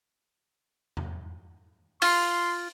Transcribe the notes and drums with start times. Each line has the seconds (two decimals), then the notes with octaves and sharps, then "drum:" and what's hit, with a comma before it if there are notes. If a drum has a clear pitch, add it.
0.97 drum: tom E2
2.02 F4 C6, drum: open hi-hat